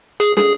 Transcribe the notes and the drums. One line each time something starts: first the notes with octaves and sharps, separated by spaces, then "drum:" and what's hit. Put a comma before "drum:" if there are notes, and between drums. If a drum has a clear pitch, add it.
G#4, drum: hi-hat
G#4, drum: snare